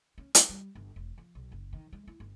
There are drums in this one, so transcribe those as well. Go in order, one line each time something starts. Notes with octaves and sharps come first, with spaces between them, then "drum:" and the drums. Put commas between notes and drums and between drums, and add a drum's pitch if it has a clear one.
C#4
G#3, drum: hi-hat
G3
G1
E1
F3
B1
F#1
D#3
G#3
E4
G1